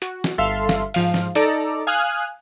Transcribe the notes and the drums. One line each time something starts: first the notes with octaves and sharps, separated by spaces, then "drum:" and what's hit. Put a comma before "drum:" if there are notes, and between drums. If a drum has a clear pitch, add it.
F#4, drum: hi-hat
drum: snare
G1 A4 E5 F5 C6
drum: snare
G#2 F3 F5, drum: open hi-hat
drum: snare
D#4 A4 D5 A#5 D6, drum: hi-hat
F5 G#5 D#6 F6 F#6